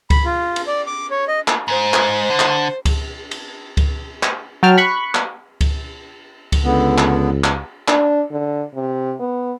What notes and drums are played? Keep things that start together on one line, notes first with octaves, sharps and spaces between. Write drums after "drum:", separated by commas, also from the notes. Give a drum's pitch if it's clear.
B5, drum: kick C#2, cymbal
F4
drum: cymbal
D5
D6
C#5
D#5
drum: clap
G#2 C5
drum: clap
D3
drum: clap
drum: kick C#2, cymbal
drum: cymbal
drum: kick C#2, cymbal
drum: clap
F#3 G5 A5 F6
B5 C#6 F#6
drum: clap
drum: kick C#2, cymbal
drum: kick C#2, cymbal
C#2 D3 B3
drum: clap
drum: clap
D4, drum: clap
D3
C3
B3